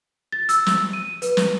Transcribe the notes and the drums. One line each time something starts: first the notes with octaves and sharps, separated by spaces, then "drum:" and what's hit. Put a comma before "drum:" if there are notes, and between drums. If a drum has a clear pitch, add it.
A6
E6, drum: hi-hat
drum: snare
D#7
B4, drum: hi-hat
drum: snare